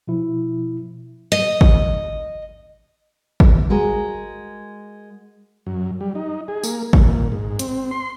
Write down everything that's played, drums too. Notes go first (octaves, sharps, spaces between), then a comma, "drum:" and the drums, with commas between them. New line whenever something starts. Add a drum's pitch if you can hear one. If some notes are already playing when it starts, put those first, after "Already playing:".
B2 F3 E4
D#5
drum: kick G#1
drum: kick G#1
G#3 F#4 A#4
F#2
G3
D#4
G#4
A#3, drum: tambourine
A#2, drum: kick G#1
G#2
C4, drum: hi-hat
C6